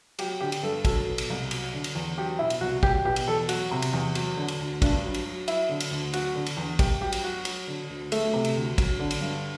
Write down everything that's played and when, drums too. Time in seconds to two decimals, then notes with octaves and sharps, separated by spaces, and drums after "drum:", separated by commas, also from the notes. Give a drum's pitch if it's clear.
0.19 F#3 G4, drum: cymbal
0.41 D3 G4
0.52 drum: cymbal
0.63 G2 A4
0.85 F#3 A4, drum: kick, cymbal
1.07 B2
1.18 drum: cymbal
1.30 C2
1.51 F#3, drum: cymbal
1.73 D3
1.84 drum: cymbal
1.95 E2
2.17 F#3 G4
2.39 B2 E4
2.50 drum: cymbal
2.61 C2 F#4
2.83 F#3 G4, drum: kick
3.05 B2 G4
3.16 drum: cymbal
3.28 E2 A4
3.49 F#3 F#4, drum: cymbal
3.71 C3
3.82 drum: cymbal
3.93 E2
4.15 F#3, drum: cymbal
4.37 D3
4.48 drum: cymbal
4.59 D2
4.82 G2 D4, drum: kick, cymbal
5.03 F#3
5.14 drum: cymbal
5.25 F#3
5.48 F#3 E4, drum: cymbal
5.69 D3
5.80 drum: cymbal
5.91 D2
6.14 F#3 F#4, drum: cymbal
6.35 D3
6.46 drum: cymbal
6.57 E2
6.79 G2 G4, drum: kick, cymbal
7.01 F#3 G4
7.12 drum: cymbal
7.24 F#3 F#4
7.45 F#3, drum: cymbal
7.67 D3
7.89 D2
8.12 F#3 A3, drum: cymbal
8.33 C3
8.45 drum: cymbal
8.56 D2
8.78 F#3, drum: kick, cymbal
8.99 D3
9.11 drum: cymbal
9.21 G2